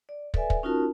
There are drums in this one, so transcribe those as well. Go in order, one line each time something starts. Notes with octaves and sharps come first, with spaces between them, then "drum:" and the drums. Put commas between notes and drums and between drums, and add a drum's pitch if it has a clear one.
D5
A4 B4 D5 E5 G#5, drum: kick
drum: kick
C#4 D#4 F4 F#4 A#4 A5